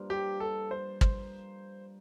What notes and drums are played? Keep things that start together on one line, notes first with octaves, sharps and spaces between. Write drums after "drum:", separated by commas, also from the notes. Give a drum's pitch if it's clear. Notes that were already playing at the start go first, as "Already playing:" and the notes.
Already playing: G2 F3 A#3
G4
A4
C5
C5, drum: kick